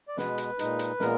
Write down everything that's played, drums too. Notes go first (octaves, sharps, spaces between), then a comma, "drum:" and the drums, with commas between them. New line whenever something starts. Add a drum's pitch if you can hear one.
D5
B2 G#3 B3 B4, drum: snare
drum: hi-hat
A#2 G#3 D#4, drum: hi-hat
drum: hi-hat
A#2 G#3 B3 A#4, drum: snare